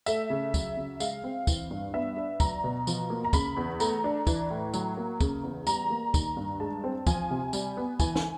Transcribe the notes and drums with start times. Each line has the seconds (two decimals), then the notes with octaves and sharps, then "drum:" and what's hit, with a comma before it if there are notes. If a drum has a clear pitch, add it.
0.06 A3 E5, drum: tambourine
0.30 C#3
0.54 F#3, drum: kick, tambourine
0.77 C#3
1.00 G#3 F5, drum: tambourine
1.24 C4
1.47 E3, drum: kick, tambourine
1.71 G2
1.94 B3 E5
2.17 D4
2.40 F#3 A#5, drum: kick, tambourine
2.64 B2
2.87 F3, drum: tambourine
3.10 A#3
3.24 A#5
3.33 C#3 B5, drum: kick, tambourine
3.57 E2
3.80 A3 A#5, drum: tambourine
4.04 D4
4.27 E3, drum: kick, tambourine
4.50 A2
4.74 F#3, drum: tambourine
4.97 A#3
5.21 C#3, drum: kick, tambourine
5.43 E2
5.67 G3 A#5, drum: tambourine
5.90 A#3
6.14 D#3, drum: kick, tambourine
6.36 G2
6.60 G#3 A5
6.84 C4
7.07 F3 G#5, drum: kick, tambourine
7.30 C3
7.53 G3, drum: tambourine
7.77 B3
8.00 E3 G#5, drum: kick, tambourine
8.16 drum: snare